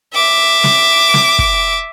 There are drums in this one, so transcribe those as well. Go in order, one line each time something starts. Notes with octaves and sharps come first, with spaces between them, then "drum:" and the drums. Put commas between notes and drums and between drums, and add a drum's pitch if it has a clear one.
E5 D6
drum: snare
drum: snare
drum: kick